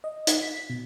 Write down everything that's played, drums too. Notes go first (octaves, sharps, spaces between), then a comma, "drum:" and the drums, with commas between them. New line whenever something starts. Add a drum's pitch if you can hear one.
D#5
D#4, drum: hi-hat
B6
B2